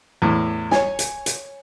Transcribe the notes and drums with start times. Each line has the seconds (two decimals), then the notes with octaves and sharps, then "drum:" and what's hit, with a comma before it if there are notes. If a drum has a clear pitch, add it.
0.22 E2 A2
0.71 C#5 G#5, drum: snare
0.99 drum: hi-hat
1.26 drum: hi-hat